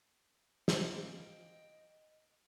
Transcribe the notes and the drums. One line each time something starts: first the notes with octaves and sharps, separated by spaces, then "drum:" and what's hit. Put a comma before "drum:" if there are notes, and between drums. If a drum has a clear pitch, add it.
drum: snare
F3 B4 C5 D5 D#5 F5 G5